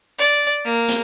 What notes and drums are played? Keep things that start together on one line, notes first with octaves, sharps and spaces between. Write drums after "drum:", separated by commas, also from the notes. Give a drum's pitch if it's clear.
D5
A#3
drum: hi-hat